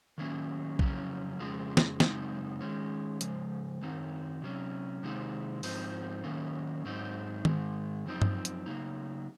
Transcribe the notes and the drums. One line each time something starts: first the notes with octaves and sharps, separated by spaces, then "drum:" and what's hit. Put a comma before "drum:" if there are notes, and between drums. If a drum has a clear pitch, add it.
D#3 F#3 A#3 C#4
F2 C#3 F#3 C#4, drum: kick A#1
F2 C#3 F3 G#3
drum: snare
F#2 C#3 G#3 C4 D#4, drum: snare
D#3 G#3 C#4
C#3 F3 G#3, drum: hi-hat
F#2 D#3 F#3 C4 D#4
C3 F#3 C#4
C3 D#3 G#3 C4 D#4
G#2 F3 C4 D#4, drum: open hi-hat
D#3 F#3 A#3 C#4
G#2 F#3 C4 D#4
G#2 D#3 G#3, drum: tom D#3
F#2 F3 C4 D#4
drum: tom G2
drum: hi-hat
C#3 F#3 A#3 D#4